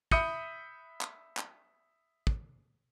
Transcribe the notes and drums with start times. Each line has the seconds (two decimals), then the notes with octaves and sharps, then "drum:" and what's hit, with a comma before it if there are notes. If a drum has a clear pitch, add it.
0.11 E5 B5 D#6 G6 C#7 D#7, drum: kick
1.01 drum: clap
1.37 drum: clap
2.27 drum: kick